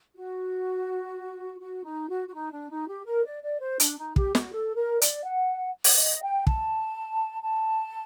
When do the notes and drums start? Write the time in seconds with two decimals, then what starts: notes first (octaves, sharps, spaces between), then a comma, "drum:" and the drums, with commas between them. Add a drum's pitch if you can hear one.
0.15 F#4
1.60 F#4
1.84 D#4
2.09 F#4
2.28 F#4
2.34 D#4
2.51 D4
2.70 D#4
2.88 G4
3.07 A#4
3.24 D5
3.43 D5
3.61 C5
3.80 D4, drum: hi-hat
3.98 D#4
4.16 G4, drum: kick
4.35 F#4, drum: snare
4.53 A4
4.76 A#4
5.02 D5, drum: hi-hat
5.25 F#5
5.84 drum: open hi-hat
5.98 D#5
6.22 G5
6.47 A5, drum: kick
7.44 A5